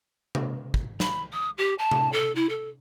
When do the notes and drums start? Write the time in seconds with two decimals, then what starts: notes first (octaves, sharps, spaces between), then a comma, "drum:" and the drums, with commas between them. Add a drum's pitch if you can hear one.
0.35 drum: tom C3
0.74 drum: kick
1.00 B5, drum: snare
1.33 D#6
1.58 G4
1.78 A5
1.91 drum: tom C3
2.12 A4
2.35 E4
2.49 A4